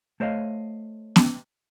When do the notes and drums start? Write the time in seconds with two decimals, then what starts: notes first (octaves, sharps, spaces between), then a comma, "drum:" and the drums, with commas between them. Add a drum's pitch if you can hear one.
0.20 A3 C5 C#5 D#5 F5
1.16 drum: snare B3